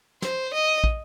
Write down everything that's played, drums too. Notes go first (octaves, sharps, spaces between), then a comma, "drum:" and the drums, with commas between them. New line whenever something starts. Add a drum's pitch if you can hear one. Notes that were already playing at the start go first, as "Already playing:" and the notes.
C5, drum: snare
D#5
drum: kick